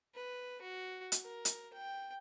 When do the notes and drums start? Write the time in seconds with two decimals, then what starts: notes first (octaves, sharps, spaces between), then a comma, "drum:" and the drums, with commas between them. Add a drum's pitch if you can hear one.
0.15 B4
0.61 F#4
1.12 drum: hi-hat
1.24 A#4
1.45 drum: hi-hat
1.73 G5